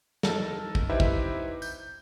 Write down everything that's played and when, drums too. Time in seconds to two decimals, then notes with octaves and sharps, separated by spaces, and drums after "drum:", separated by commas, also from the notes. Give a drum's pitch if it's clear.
0.23 D#4 A4 A#4 A5, drum: snare
0.75 drum: kick
0.90 D#4 E4 G4 B4 C5 E5
1.00 drum: kick
1.62 G6, drum: tambourine